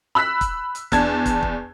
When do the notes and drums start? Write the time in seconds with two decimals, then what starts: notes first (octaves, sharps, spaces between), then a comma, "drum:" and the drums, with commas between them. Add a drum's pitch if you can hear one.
0.15 B5 E6 F#6 B6
0.41 drum: kick, hi-hat
0.75 drum: hi-hat
0.92 E2 D4 A5 G#6, drum: kick, hi-hat
1.26 drum: kick, hi-hat
1.43 drum: kick